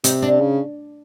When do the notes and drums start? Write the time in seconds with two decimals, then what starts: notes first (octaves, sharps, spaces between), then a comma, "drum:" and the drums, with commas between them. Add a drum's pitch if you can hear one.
0.04 C3 D#4, drum: hi-hat
0.22 D4
0.40 C#3